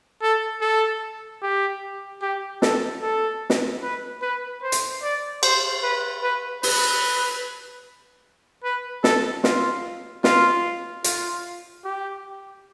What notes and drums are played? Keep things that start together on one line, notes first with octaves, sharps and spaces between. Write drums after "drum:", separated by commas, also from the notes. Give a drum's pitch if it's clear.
A4
A4
G4
G4
A4, drum: snare
A4
drum: snare
B4
B4
C5
drum: hi-hat
D5
C5, drum: cymbal
B4
B4
B4, drum: open hi-hat
B4
A4, drum: snare
F4, drum: snare
F4, drum: snare
F4, drum: hi-hat
G4